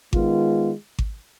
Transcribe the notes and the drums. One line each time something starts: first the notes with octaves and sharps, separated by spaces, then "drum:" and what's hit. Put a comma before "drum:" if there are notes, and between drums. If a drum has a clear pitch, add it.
D#3 G#3 B3 F4, drum: kick G#1
drum: kick G#1